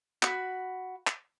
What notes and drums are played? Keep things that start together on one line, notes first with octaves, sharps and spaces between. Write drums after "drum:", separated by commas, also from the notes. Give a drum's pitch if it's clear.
F#4 B5, drum: clap
drum: clap